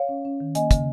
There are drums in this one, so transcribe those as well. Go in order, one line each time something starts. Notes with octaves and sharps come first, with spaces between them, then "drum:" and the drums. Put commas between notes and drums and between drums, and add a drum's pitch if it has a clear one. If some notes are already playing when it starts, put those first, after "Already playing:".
Already playing: C#5 F5
C#4
C#4
D#3
A#3 D#5 G#5, drum: hi-hat
C#3, drum: kick, hi-hat